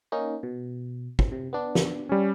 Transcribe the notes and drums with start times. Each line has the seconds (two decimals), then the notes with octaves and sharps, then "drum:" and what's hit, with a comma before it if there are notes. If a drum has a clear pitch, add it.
0.12 A#3 C#4 D#4
0.43 B2
1.19 drum: kick
1.32 C3
1.53 B3 D4
1.75 drum: snare
2.09 G3 C#4